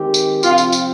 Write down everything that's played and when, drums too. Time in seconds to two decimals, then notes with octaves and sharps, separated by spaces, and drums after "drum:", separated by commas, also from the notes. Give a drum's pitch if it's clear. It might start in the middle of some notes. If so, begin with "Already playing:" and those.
Already playing: D#3 G#3 C4 G4
0.14 drum: tambourine
0.43 C3 F3 C4 F4, drum: tambourine
0.58 drum: tambourine
0.72 drum: tambourine